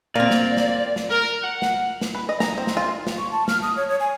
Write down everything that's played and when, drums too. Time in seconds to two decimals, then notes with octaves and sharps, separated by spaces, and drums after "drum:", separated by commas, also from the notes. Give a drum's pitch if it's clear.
0.15 A#3 C4 D5
0.30 drum: snare
0.57 drum: snare
0.96 drum: snare
1.10 A#4
1.42 F#5
1.62 drum: snare
2.01 drum: snare
2.15 B4
2.29 D#5
2.40 A#5, drum: snare
2.58 C4
2.67 drum: snare
2.77 F4
3.07 drum: snare
3.18 C#6
3.31 A5
3.48 F6, drum: snare
3.63 D#6
3.77 C#5
3.89 C#5
4.00 G#5